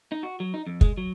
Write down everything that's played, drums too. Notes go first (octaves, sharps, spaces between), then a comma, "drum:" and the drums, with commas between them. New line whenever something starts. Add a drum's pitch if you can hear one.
D#4
F#4
F#3
D#4
F2
G#3, drum: kick
F#3